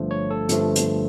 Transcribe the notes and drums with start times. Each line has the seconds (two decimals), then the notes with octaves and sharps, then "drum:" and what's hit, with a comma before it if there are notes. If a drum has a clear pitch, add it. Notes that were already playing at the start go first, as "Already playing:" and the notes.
Already playing: G1 G2 F3 A3
0.11 C#5
0.30 A4
0.49 G1 G2 F3 A3, drum: hi-hat
0.75 drum: hi-hat